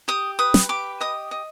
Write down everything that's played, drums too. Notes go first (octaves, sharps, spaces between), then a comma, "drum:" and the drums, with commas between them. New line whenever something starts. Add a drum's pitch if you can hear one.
G4 D#6
B4 D#6
drum: snare
G4 D6
D#5 D#6
D#5